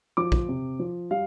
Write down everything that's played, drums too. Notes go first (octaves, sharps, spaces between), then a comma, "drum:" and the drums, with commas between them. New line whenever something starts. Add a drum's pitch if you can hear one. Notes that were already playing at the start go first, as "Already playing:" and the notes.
F3 D6
drum: kick
C3
F3
G3 F5